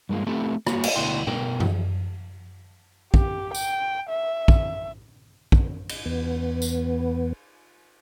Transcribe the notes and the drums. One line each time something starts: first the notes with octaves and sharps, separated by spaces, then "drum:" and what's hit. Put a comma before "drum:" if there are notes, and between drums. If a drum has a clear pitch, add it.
G2 G#3 A#3 F4
A3 B3 C4 E4 G4 A4
G3 A#3 F#4 C#5, drum: rim click
drum: cymbal
D2 B2 B3 E4 G5 C6
B2 A#4 G5, drum: tom B2
drum: tom F#2
G4, drum: kick
G5, drum: tambourine
E5
drum: kick
drum: kick
drum: cymbal
E2 B3
drum: tambourine